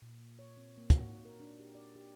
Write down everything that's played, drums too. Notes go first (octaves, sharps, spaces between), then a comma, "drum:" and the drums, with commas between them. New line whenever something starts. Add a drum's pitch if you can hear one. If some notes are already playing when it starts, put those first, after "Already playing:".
A#2
C#5
C4
A#3
F#4, drum: kick, hi-hat
D#4
A#4
D4
G4
D5
G4